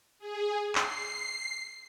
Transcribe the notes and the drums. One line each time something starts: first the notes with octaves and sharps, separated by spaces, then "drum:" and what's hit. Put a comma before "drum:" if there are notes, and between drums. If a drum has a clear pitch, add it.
G#4
C7, drum: clap